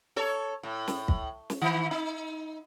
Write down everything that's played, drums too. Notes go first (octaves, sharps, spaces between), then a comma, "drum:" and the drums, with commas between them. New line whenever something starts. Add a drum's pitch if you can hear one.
A4 C#5
A2
drum: snare
drum: kick
drum: snare
D#3
D#4